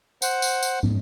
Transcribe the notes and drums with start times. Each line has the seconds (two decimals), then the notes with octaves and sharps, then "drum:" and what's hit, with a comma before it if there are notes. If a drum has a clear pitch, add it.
0.22 C5 F#5, drum: tambourine
0.42 drum: tambourine
0.63 drum: tambourine
0.83 drum: tom